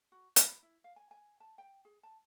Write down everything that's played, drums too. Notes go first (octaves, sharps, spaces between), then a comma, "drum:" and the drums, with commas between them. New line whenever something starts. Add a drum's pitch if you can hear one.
F#4
B5, drum: hi-hat
E4
F5
G#5
G#5
A5
G5
G#4
A5